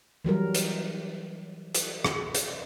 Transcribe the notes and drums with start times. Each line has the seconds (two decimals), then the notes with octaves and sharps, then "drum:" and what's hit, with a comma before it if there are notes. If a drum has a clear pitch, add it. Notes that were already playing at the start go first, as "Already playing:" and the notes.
0.25 E3 F#3 G3 A#4
0.55 drum: hi-hat
1.75 drum: hi-hat
2.05 drum: rim click
2.35 drum: hi-hat